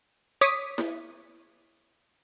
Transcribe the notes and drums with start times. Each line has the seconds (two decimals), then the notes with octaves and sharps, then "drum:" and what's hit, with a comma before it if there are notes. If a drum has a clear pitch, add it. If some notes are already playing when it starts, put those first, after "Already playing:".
0.41 C#5 D6 D#6 B6, drum: hi-hat
0.78 drum: snare E4